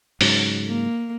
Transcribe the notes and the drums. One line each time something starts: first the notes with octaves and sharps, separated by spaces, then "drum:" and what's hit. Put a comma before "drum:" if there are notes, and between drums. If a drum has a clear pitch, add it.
G#2 C#3 F#3, drum: open hi-hat
A#3